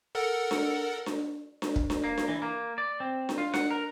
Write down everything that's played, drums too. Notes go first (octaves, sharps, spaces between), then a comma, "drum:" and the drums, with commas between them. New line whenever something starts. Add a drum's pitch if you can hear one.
A4 A#4 F#5
drum: snare D4
drum: snare D4
drum: snare D4
drum: kick
drum: snare D4
A#3
drum: snare D4
E3
A#3
D5
C4
drum: snare D4
F4
F#5, drum: snare D4
A#4